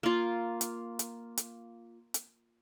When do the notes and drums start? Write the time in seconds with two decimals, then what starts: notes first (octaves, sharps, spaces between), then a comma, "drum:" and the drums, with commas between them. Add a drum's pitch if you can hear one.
0.03 A#3 F4
0.61 drum: hi-hat
0.99 drum: hi-hat
1.37 drum: hi-hat
2.14 drum: hi-hat